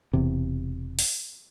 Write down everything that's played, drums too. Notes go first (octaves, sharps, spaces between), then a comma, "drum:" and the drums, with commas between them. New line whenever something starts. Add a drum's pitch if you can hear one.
E1 E2 C3
drum: open hi-hat